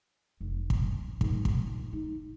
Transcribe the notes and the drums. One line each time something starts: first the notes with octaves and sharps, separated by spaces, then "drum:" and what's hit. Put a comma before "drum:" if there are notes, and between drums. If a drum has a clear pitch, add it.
F1
drum: kick
G#1, drum: kick
A#2, drum: kick
D#4